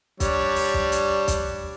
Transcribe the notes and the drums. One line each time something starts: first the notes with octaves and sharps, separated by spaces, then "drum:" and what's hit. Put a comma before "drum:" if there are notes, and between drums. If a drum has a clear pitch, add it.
G3 D4 C#5, drum: kick, hi-hat
drum: open hi-hat
drum: kick
drum: hi-hat
drum: kick, hi-hat